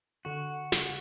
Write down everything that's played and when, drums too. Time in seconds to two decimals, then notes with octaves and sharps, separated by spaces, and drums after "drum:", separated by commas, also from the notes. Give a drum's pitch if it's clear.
0.25 D3 F#4
0.72 C#3, drum: snare